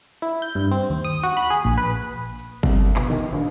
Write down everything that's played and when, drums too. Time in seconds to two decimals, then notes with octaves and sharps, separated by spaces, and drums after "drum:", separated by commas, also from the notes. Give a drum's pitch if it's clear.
0.22 E4
0.42 G6
0.55 G2
0.71 C4
0.90 D#2
1.05 D#6
1.24 F#4
1.37 B5
1.50 G#4
1.65 A#1
1.78 B4
2.39 drum: tambourine
2.63 C2, drum: kick G1
2.96 B2, drum: clap
3.10 D#3
3.32 A#1